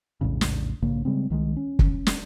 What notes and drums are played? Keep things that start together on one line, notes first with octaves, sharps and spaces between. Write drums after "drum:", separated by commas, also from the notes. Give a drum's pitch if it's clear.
A#1 E2 A2 C#3
drum: snare
A#1 G#2 C#3 A#3
C#3 G3 G#3 C4
C2 D#3 E3 G#3
C#4
drum: kick
drum: snare